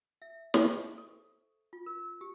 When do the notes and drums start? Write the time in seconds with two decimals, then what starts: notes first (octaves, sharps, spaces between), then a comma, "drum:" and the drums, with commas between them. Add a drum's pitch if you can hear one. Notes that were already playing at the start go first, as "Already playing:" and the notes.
0.22 E5
0.54 C5, drum: snare
0.65 C#6
0.98 A4
1.73 F4
1.86 A#4
2.21 G4